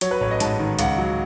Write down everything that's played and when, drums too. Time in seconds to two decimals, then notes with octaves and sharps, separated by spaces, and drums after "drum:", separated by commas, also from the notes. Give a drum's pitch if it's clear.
0.01 F#3 C#5, drum: hi-hat
0.11 B4
0.21 A1 C#5
0.31 D#5
0.40 G#2 A5, drum: hi-hat
0.59 D#3
0.79 C#2 F#5, drum: hi-hat
0.98 F#3